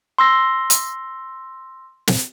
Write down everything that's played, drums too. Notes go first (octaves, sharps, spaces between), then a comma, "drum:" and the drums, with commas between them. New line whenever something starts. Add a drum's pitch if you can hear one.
C6 E6 A#6
drum: hi-hat
drum: snare